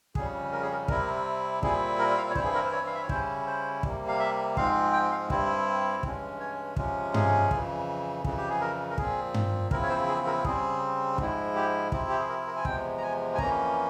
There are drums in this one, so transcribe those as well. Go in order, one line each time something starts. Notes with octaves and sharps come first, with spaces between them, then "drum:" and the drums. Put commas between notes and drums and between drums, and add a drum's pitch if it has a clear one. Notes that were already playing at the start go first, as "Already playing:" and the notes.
F2 C#3 G3 C#4 G#4, drum: kick
A#4
G#4
A#4
C3 G3 C4 E4 A#4, drum: kick
A#2 G3 C4 E4 G#4, drum: kick
A#4
F5
C#5
G2 E3 G3 C4 E4 C5, drum: kick
G#4
A#4
C5
C#5
F5
E5
C#5
C#3 G3 C#4 E4 C5, drum: kick
C5
C3 G3 A#3, drum: kick
F5
E5
G#2 F3 G#3 C4 F5, drum: kick
G5
F5
G2 G3 C4 E4, drum: kick
G2 E3 G#3 C#4, drum: kick
C#5
C3 F3 G#3 C#4, drum: kick
G#4, drum: tom G2
F2 C#3 E3, drum: kick
F2 C#3 E3, drum: kick
G4
G#4
A#4
A#4
A#2 F3 C4 G#4, drum: kick
drum: tom G2
E2 C#3 F3 C4 E4 A#4, drum: kick
C#5
C5
G#4
A#4
C#3 G3 C4 G#4, drum: kick
G#2 F3 G#3 E4, drum: kick
G4
C3 F3 C4 E4, drum: kick
G4
G#4
A#4
A#4
G#5
E2 C3 F3 G#3 G5, drum: kick
A#5
G#5
G#5
F2 E3 A#3 C#4 A#5, drum: kick